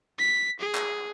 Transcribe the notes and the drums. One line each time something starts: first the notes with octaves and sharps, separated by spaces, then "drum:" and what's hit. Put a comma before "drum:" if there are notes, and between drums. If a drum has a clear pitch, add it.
B6
G#4
drum: clap